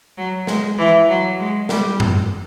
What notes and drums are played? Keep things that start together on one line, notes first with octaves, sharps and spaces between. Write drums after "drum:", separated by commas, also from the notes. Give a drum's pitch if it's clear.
F#3
G#3, drum: snare
E3
F#3
G#3
G3, drum: snare
drum: tom F#2